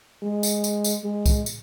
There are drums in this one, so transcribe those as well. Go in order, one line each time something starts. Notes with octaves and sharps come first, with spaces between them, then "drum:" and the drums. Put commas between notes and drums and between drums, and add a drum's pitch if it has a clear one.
G#3
drum: tambourine
drum: tambourine
drum: tambourine
G#3
drum: kick B1, tambourine
drum: tambourine